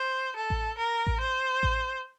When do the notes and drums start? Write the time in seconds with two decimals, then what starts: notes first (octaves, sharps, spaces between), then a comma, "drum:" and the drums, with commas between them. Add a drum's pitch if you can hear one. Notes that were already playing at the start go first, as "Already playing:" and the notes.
Already playing: C5
0.36 A4
0.50 drum: kick A1
0.78 A#4
1.07 drum: kick A1
1.20 C5
1.63 drum: kick A1